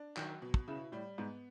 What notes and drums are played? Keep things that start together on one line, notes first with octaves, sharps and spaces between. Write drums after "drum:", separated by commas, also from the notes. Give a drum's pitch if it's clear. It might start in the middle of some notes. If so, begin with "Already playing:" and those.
Already playing: D4
D#3 F#3, drum: clap
B2
drum: kick
C#3 E4
A2 G3
G#2 B3